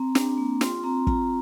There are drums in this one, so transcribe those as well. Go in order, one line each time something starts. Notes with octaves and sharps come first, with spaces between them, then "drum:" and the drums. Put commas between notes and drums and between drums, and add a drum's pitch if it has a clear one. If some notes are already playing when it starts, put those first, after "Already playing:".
Already playing: C4 A#5
D4, drum: snare
A#3
F4 C6, drum: snare
C4 A#5
F4 A#5, drum: kick